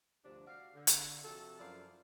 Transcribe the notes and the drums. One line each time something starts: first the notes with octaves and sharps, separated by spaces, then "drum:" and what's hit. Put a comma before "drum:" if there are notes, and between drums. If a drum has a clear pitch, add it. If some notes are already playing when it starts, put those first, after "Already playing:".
D2 G2 C3 F3 D4
F#4 D5 F5
D3
drum: hi-hat
C3 F3 F#4 A4
F#2 F3 E4 C5 D5 F5